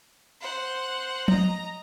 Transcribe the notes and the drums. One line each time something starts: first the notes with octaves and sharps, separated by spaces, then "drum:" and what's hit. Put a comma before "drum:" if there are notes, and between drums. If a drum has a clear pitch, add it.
C5 F#5
D#5 A#5, drum: tom